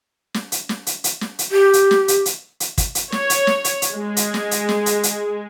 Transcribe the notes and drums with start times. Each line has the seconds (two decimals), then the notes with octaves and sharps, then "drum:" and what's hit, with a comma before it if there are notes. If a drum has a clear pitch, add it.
0.34 drum: snare
0.52 drum: hi-hat
0.69 drum: snare
0.87 drum: hi-hat
1.04 drum: hi-hat
1.21 drum: snare
1.39 drum: hi-hat
1.52 G4
1.73 drum: hi-hat
1.91 drum: snare
2.08 drum: hi-hat
2.25 drum: hi-hat
2.60 drum: hi-hat
2.78 drum: kick, hi-hat
2.95 drum: hi-hat
3.12 C#5, drum: snare
3.30 drum: hi-hat
3.47 drum: snare
3.64 drum: hi-hat
3.82 drum: hi-hat
3.94 G#3
4.17 drum: hi-hat
4.34 drum: snare
4.51 drum: hi-hat
4.69 drum: snare
4.86 drum: hi-hat
5.03 drum: hi-hat